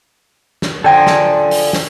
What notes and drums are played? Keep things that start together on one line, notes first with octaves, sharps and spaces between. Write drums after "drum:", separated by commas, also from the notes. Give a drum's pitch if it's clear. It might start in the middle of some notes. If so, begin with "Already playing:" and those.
drum: snare
D3 F3 A4 D5 G5 G#5 A#5
drum: snare
drum: open hi-hat
drum: snare